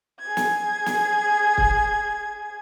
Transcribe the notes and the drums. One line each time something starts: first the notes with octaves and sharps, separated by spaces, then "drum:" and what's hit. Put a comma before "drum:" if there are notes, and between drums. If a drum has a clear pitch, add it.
G#4 G#6
drum: snare
drum: snare
drum: kick